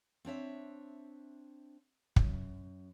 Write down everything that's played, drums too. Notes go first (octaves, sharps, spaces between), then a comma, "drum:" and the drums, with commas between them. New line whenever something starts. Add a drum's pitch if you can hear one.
C4 D4 C#5 E5
F#2, drum: kick